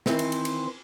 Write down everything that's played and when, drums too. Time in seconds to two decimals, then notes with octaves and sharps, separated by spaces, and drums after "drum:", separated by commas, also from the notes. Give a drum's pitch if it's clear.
0.06 D#3 E3 C4 C5, drum: snare
0.19 drum: cymbal
0.32 drum: cymbal
0.45 drum: cymbal